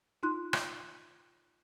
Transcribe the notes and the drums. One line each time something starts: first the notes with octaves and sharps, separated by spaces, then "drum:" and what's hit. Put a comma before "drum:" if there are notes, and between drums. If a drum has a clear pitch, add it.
D#4 F4 C6 F#6
drum: rim click